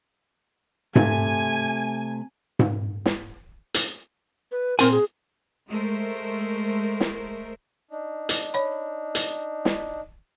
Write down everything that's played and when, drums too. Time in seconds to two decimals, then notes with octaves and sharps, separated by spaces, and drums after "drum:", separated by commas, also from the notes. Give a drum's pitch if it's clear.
0.96 C3 A3 G#5, drum: tom G#2
2.59 drum: tom G#2
3.06 drum: snare
3.74 drum: hi-hat
4.52 B4
4.79 A#2 C4 A#4 G#5, drum: hi-hat
4.91 G#4
5.69 G#3 A3 A#4 C5
7.00 drum: snare
7.91 D4 D#4
8.29 drum: hi-hat
8.54 C#5 B5
9.15 drum: hi-hat
9.65 drum: snare